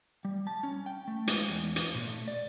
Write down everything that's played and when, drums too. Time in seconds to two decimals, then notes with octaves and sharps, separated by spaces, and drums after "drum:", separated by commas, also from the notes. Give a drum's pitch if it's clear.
0.25 G3
0.47 A5
0.63 C#4
0.86 G5
1.08 A3
1.27 G#3, drum: hi-hat
1.49 E2
1.76 drum: hi-hat
1.95 A#2
2.07 A3
2.28 D5